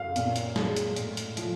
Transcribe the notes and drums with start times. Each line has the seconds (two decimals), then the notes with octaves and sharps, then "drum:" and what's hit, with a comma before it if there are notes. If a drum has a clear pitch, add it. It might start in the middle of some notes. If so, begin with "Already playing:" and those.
Already playing: F#2 F5
0.16 A#2, drum: hi-hat
0.36 drum: hi-hat
0.56 G#3, drum: snare
0.76 drum: hi-hat
0.96 A2, drum: hi-hat
1.17 drum: hi-hat
1.37 F3, drum: hi-hat